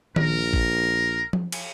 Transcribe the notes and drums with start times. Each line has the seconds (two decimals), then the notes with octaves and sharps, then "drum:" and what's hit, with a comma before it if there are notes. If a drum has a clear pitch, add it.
0.16 A#1 A#4, drum: tom D#3
0.53 drum: kick G#1
1.33 drum: tom F3
1.52 drum: cymbal